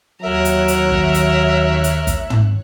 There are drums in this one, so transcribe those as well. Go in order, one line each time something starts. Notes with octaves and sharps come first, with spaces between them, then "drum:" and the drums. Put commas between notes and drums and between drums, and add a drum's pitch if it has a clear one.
D#2 F#3 A#4 C#5 E5 F#6
drum: hi-hat
drum: hi-hat
drum: kick
drum: hi-hat
drum: hi-hat
drum: kick, hi-hat
drum: tom